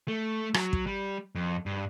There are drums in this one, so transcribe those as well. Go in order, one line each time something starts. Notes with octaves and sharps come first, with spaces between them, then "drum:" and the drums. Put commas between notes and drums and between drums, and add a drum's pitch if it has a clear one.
A3
F#3, drum: rim click
drum: kick
G3
F2
G2